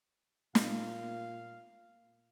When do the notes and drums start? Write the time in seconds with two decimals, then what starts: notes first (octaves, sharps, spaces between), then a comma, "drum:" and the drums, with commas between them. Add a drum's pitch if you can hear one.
0.55 A#2 F5, drum: snare